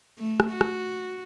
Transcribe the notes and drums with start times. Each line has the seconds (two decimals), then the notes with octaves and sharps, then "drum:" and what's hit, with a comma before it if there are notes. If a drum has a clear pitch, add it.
0.18 A3
0.40 drum: rim click
0.51 F#4
0.61 drum: rim click